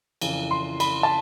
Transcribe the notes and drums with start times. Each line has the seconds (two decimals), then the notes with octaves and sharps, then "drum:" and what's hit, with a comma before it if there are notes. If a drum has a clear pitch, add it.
0.21 F2 C#3 E3, drum: cymbal
0.51 C6
0.80 B5, drum: cymbal
1.03 A5